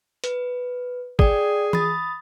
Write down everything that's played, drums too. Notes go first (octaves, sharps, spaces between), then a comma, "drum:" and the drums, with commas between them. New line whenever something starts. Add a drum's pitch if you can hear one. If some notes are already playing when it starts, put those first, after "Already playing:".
B4, drum: hi-hat
G#4 D5 G5, drum: kick
B5 D#6 A6, drum: tom E3